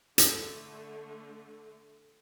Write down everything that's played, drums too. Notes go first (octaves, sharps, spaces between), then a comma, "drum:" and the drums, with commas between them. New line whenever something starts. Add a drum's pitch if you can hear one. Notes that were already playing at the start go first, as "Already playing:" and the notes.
D3 A3, drum: hi-hat